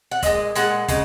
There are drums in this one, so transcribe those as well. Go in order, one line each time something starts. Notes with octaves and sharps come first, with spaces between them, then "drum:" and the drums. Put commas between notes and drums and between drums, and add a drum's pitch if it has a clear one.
F#5
A#2 G#3 D#5, drum: kick, hi-hat
A#2 G#3 F#5, drum: hi-hat
C#3 G#3, drum: kick, hi-hat